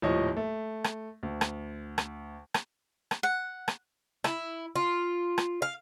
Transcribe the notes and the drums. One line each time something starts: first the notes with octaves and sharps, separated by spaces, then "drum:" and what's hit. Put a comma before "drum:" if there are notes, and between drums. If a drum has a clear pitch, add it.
D#1 A2 F3 C#5 D#5
A3
drum: rim click
D2
drum: rim click
drum: rim click
drum: rim click
drum: rim click
F#5
drum: rim click
E4, drum: rim click
F4
drum: rim click
F5